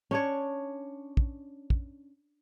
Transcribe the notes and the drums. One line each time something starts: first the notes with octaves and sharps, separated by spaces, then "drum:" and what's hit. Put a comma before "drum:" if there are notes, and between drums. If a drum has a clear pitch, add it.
C#4 D4 C#5
drum: kick
drum: kick